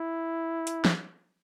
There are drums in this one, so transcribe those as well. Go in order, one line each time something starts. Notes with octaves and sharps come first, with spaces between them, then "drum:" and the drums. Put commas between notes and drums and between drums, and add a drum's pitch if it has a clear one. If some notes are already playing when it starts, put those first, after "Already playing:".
Already playing: E4
drum: hi-hat
drum: snare